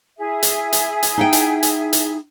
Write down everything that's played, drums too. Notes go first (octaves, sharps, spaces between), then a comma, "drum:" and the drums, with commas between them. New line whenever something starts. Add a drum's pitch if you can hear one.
E4 G#4 E5
drum: hi-hat
drum: hi-hat
drum: hi-hat
D#4 F#5 G5
drum: hi-hat
drum: hi-hat
drum: hi-hat